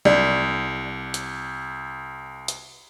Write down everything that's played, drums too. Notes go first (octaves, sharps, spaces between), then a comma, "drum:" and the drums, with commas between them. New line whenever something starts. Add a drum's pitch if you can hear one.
C2 D5, drum: tom F#3
drum: hi-hat
drum: hi-hat